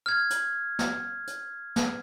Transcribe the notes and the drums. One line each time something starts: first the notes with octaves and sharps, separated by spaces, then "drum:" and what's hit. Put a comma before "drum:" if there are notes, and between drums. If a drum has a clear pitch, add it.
F6 G#6
drum: hi-hat
drum: snare
drum: hi-hat
drum: snare